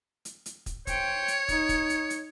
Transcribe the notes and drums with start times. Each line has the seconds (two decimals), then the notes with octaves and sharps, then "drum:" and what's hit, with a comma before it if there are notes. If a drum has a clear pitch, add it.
0.25 drum: hi-hat
0.46 drum: hi-hat
0.66 drum: kick, hi-hat
0.87 C5 C#5 G5, drum: kick, hi-hat
1.28 drum: hi-hat
1.48 D#4, drum: kick, hi-hat
1.69 drum: kick, hi-hat
1.90 drum: hi-hat
2.10 drum: hi-hat